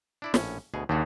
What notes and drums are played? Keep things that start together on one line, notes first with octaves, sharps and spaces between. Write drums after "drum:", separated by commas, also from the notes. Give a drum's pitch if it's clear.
D4 E4 D5
A#1 A2 C#4, drum: snare
D2 B2 G#4
D#2 C#3 D4 F#4